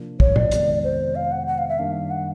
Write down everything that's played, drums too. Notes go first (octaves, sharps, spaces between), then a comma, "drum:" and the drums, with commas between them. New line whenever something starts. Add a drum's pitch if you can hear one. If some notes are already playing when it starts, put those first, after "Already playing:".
Already playing: C3 F3 A#3 D4 F4
C#5, drum: kick
D5, drum: tom
F2 C3 D#3 G#3 B3, drum: hi-hat
C5
F5
F#5
F#5
F5
E5
F#2 D#3 G3 A#3 D4 F5
F#5